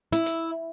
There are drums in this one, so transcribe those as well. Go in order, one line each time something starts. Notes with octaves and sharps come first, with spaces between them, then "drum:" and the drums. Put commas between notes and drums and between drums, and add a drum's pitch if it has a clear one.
E4, drum: hi-hat
drum: hi-hat